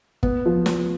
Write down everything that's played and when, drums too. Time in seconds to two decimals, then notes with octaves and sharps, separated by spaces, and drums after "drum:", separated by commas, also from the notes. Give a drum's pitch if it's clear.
0.23 B3, drum: kick
0.46 F3
0.66 drum: snare